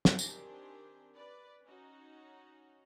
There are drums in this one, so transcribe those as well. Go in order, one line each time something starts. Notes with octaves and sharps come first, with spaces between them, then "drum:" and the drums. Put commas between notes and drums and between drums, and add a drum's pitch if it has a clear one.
drum: snare
D#3 C4 D4 G4 C5 G#5, drum: tambourine
B4 D5
C#4 D#4 F#4